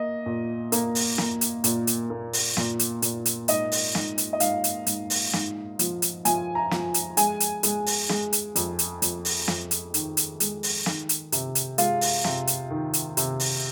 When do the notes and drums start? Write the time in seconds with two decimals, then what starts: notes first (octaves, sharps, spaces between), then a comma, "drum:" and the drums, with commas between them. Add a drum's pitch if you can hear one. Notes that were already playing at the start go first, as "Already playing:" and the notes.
Already playing: A#3 D#5
0.26 A#2
0.72 A#3, drum: hi-hat
0.95 drum: open hi-hat
1.18 A#3, drum: snare
1.41 drum: hi-hat
1.64 A#2, drum: hi-hat
1.87 drum: hi-hat
2.10 A#3
2.33 drum: open hi-hat
2.57 A#2, drum: snare
2.79 drum: hi-hat
3.02 A#2, drum: hi-hat
3.26 drum: hi-hat
3.48 G#2 D#5, drum: hi-hat
3.72 drum: open hi-hat
3.95 G#2, drum: snare
4.18 drum: hi-hat
4.33 D#5
4.40 G#2 F5, drum: hi-hat
4.64 drum: hi-hat
4.87 G#2, drum: hi-hat
5.10 drum: open hi-hat
5.33 G#2, drum: snare
5.79 F3, drum: hi-hat
6.02 drum: hi-hat
6.25 F3 G#5, drum: hi-hat
6.55 A#5
6.71 F3, drum: snare
6.94 drum: hi-hat
7.17 G#3 G#5, drum: hi-hat
7.40 drum: hi-hat
7.63 G#3, drum: hi-hat
7.86 drum: open hi-hat
8.09 G#3, drum: snare
8.33 drum: hi-hat
8.56 F2, drum: hi-hat
8.79 drum: hi-hat
9.02 F2, drum: hi-hat
9.25 drum: open hi-hat
9.48 F2, drum: snare
9.71 drum: hi-hat
9.94 D#3, drum: hi-hat
10.17 drum: hi-hat
10.40 G#3, drum: hi-hat
10.63 drum: open hi-hat
10.86 D#3, drum: snare
11.09 drum: hi-hat
11.32 C3, drum: hi-hat
11.55 drum: hi-hat
11.78 G#3 F4, drum: hi-hat
12.01 drum: open hi-hat
12.24 C3, drum: snare
12.47 drum: hi-hat
12.71 D#3
12.94 drum: hi-hat
13.17 C3, drum: hi-hat
13.40 drum: open hi-hat